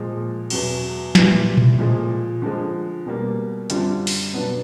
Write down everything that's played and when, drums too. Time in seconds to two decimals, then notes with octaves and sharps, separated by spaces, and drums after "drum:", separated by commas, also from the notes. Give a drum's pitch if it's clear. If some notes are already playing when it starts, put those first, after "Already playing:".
Already playing: A#2 F3 G#3
0.50 E2 B2 F#3, drum: cymbal
1.15 A#2 G3 B3 E4, drum: snare
1.57 drum: tom A#2
1.78 A#2 F3 G#3
2.42 D3 F3 G#3
3.06 B2 G3 A#3
3.70 F#2 D3 G3 C4 F4, drum: hi-hat
4.07 drum: open hi-hat
4.34 B2 F#3 B3 D4